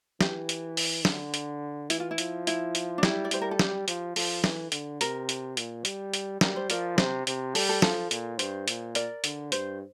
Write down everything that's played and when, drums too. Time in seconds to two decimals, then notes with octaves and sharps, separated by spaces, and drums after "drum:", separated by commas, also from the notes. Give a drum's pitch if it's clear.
0.21 E3 G4, drum: snare
0.49 drum: hi-hat
0.77 drum: open hi-hat
1.05 D3, drum: snare
1.34 drum: hi-hat
1.90 E3 E4, drum: hi-hat
2.00 F4
2.11 E4
2.18 F3, drum: hi-hat
2.47 E4, drum: hi-hat
2.75 drum: hi-hat
2.98 D4
3.03 G3 E4, drum: snare
3.25 D5
3.31 G3 C5, drum: hi-hat
3.41 A#4
3.51 A4
3.59 G4, drum: snare
3.88 F3, drum: hi-hat
4.16 F3 A4, drum: open hi-hat
4.44 E3, drum: snare
4.72 D3, drum: hi-hat
5.01 C3 A#4, drum: hi-hat
5.29 drum: hi-hat
5.57 A#2, drum: hi-hat
5.85 G3, drum: hi-hat
6.14 drum: hi-hat
6.41 G3 A#4, drum: snare
6.56 C5
6.70 F3 A#4 D5, drum: hi-hat
6.98 C3 C5, drum: snare
7.27 C3, drum: hi-hat
7.55 G3 A4, drum: open hi-hat
7.69 A4
7.82 F3 A4, drum: snare
8.11 A#2, drum: hi-hat
8.39 G2 C5, drum: hi-hat
8.68 A#2, drum: hi-hat
8.95 A#4 D5, drum: hi-hat
9.24 D3, drum: hi-hat
9.52 G2 C5, drum: hi-hat